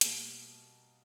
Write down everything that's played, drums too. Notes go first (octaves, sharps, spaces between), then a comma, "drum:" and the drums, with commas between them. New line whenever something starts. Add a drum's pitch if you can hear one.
B2 G3 A#3, drum: hi-hat